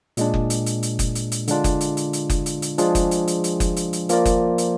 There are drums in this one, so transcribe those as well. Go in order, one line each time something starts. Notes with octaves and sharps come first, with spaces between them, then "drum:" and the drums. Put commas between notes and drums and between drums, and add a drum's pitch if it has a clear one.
A#2 G#3 D4, drum: hi-hat
drum: kick F#1
drum: hi-hat
drum: hi-hat
drum: hi-hat
drum: kick F#1, hi-hat
drum: hi-hat
drum: hi-hat
D3 G#3 D4 F4, drum: hi-hat
drum: kick F#1, hi-hat
drum: hi-hat
drum: hi-hat
drum: hi-hat
drum: kick F#1, hi-hat
drum: hi-hat
drum: hi-hat
F3 G#3 D4 F4 G#4, drum: hi-hat
drum: kick F#1, hi-hat
drum: hi-hat
drum: hi-hat
drum: hi-hat
drum: kick F#1, hi-hat
drum: hi-hat
drum: hi-hat
F3 A#3 F4 A#4 D5, drum: hi-hat
drum: kick F#1, hi-hat
drum: hi-hat